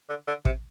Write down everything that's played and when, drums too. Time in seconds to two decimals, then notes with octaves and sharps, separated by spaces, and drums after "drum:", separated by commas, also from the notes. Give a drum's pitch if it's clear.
0.09 D3
0.28 D3
0.45 C3, drum: kick